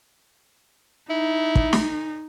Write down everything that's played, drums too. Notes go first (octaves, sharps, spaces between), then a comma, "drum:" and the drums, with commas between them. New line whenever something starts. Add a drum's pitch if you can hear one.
D#4 E4
drum: kick
drum: snare